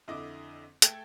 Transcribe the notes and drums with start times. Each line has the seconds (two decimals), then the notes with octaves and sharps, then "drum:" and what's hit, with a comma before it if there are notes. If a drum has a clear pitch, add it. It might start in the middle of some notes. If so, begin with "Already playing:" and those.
0.08 F2 D3 E4 D#5 D6
0.82 A3 A4 G5 G#6, drum: hi-hat